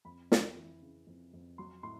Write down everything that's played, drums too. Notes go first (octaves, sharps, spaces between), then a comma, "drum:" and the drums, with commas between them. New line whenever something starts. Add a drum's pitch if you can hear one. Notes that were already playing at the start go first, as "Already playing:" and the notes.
F2 B5
F2, drum: snare
E3
C#3
F2
F2
F#3 C6
A2 C6